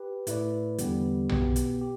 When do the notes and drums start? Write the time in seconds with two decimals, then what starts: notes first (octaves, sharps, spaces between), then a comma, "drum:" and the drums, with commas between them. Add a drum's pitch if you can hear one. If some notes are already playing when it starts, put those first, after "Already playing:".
Already playing: G4 B4
0.27 A2 A3 E4 B4 D5, drum: hi-hat
0.78 E2 D3 G3 B3 G4, drum: hi-hat
1.29 B2 B3 G4, drum: tom B1
1.56 drum: hi-hat
1.81 G4